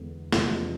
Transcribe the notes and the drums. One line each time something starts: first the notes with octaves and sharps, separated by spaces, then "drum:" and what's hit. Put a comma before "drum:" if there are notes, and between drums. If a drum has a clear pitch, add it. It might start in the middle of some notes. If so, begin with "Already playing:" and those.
Already playing: E2 D3 G#3
E2 C3 F3 G#3 D4, drum: snare